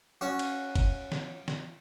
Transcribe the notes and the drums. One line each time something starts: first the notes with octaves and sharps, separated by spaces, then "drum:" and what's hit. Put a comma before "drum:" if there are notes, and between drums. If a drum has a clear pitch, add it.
C#4 F#4
drum: cymbal
drum: kick, cymbal
drum: snare
drum: snare